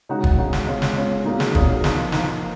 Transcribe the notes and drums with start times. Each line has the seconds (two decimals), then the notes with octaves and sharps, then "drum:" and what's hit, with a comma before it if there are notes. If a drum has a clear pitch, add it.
0.09 C#3 G#3 D#4 F#4
0.24 drum: kick
0.38 C#3 G#3 D#4 F#4
0.53 drum: snare
0.67 G#3 C#4 F4
0.82 drum: snare
0.96 G#3 C#4 F4
1.25 A#2 F#3 A#3 D#4 G#4
1.40 drum: snare
1.55 A#2 F#3 A#3 D#4 G#4, drum: kick
1.84 F3 A#3 D#4, drum: snare
2.12 F3 A#3 D#4, drum: snare